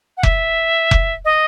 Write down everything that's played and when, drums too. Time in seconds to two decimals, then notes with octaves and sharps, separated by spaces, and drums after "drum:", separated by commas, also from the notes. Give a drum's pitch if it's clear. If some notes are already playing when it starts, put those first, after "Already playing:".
0.17 F#5
0.23 E5, drum: kick F1
0.91 drum: kick F1
1.25 D#5